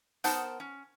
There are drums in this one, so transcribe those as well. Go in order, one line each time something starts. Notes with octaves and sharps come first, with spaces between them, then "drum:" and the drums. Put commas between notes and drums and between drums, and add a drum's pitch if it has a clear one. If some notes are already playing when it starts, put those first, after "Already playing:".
B3 D#4 A#4 C5 F#5 A5, drum: hi-hat
C#4